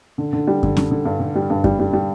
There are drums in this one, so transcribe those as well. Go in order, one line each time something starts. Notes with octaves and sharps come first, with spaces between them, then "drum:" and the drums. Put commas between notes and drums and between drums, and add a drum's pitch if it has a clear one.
D3
D3
G3
D3, drum: kick F#2
D3, drum: snare
D3
G2
D3
G3
G2
G3, drum: kick F#2
G3
G3